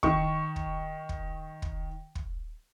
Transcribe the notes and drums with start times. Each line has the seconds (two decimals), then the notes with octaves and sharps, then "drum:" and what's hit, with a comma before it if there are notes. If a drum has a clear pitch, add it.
0.03 D#3 C#6, drum: kick
0.56 drum: kick
1.09 drum: kick
1.62 drum: kick
2.15 drum: kick